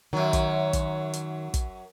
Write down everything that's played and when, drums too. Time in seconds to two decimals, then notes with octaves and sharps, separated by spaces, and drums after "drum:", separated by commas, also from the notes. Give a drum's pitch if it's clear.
0.13 F#2 D#3 F#3
0.33 drum: kick, hi-hat
0.73 drum: kick, hi-hat
1.13 drum: hi-hat
1.54 drum: kick, hi-hat